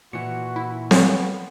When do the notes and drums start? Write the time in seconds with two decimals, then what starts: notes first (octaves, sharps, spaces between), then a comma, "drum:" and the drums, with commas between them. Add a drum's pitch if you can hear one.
0.13 A#2 E3 F#4 C#7
0.56 E4
0.91 B3 C#5, drum: snare C4